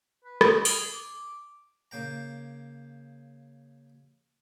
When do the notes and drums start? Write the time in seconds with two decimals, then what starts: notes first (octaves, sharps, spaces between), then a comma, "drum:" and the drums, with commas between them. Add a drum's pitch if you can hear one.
0.25 B4
0.41 D#5, drum: rim click
0.65 G#4, drum: open hi-hat
0.93 D6
1.91 C#3 A#3 G5 A#5